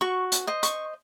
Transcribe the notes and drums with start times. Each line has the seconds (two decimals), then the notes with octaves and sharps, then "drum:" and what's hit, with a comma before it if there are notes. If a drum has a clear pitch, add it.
0.01 F#4 C#6
0.32 drum: hi-hat
0.47 C5 D#5
0.63 C#6, drum: hi-hat